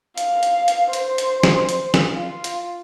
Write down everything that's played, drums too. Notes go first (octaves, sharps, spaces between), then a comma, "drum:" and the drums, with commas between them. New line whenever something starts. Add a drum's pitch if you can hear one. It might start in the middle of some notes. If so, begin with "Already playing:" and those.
F5, drum: hi-hat
drum: hi-hat
drum: hi-hat
C5, drum: hi-hat
drum: hi-hat
drum: snare
drum: hi-hat
drum: snare
F4
drum: hi-hat